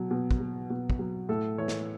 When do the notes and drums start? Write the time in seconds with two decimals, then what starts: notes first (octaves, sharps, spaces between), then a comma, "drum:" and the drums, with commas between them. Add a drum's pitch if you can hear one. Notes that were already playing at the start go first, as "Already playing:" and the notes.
Already playing: B2 F#3
0.11 B2
0.31 drum: kick
0.40 F#3
0.70 B2
0.90 drum: kick
0.99 F#3
1.29 A2 A4
1.58 E3 C#5
1.68 drum: snare